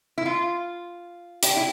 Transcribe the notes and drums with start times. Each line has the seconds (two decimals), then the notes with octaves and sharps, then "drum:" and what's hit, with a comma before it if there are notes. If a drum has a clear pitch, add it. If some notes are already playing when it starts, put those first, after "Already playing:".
0.18 E4
0.26 F4
1.43 G4, drum: hi-hat
1.57 E4